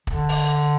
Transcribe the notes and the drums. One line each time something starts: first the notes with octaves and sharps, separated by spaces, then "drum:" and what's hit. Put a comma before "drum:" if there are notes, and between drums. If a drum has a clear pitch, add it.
D3, drum: kick
drum: open hi-hat